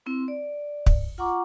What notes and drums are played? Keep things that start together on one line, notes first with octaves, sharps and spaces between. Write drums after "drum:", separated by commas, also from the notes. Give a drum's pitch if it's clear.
C4 E4 C6
D5
drum: kick
F4 F#5 A#5 C#6 D6